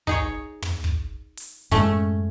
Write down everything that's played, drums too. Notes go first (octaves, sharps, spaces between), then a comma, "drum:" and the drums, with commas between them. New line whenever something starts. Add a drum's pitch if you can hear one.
D#4 G#4 C#5, drum: kick
drum: tom
drum: kick
drum: open hi-hat
F#2 A2 G#3 A3 C#4, drum: hi-hat